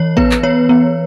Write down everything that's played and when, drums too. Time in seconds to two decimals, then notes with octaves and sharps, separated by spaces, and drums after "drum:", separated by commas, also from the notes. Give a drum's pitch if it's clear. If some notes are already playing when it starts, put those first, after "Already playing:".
Already playing: E3 C#5
0.17 B3 B4, drum: kick A1
0.31 drum: clap
0.43 B3 C#5
0.69 B3